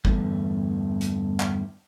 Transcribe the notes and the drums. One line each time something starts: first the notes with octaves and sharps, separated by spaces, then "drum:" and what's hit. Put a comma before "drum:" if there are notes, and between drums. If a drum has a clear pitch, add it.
E2 G2 D3 E3 A3, drum: kick
drum: hi-hat
drum: clap